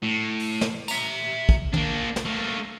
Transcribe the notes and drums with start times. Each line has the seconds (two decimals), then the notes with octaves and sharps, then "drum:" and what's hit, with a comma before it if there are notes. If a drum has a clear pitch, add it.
0.03 A2
0.40 drum: open hi-hat
0.61 drum: snare
0.88 E5 A#5, drum: tambourine
1.49 drum: kick
1.73 A#3 D4, drum: tom
2.16 drum: snare
2.25 A3 A#3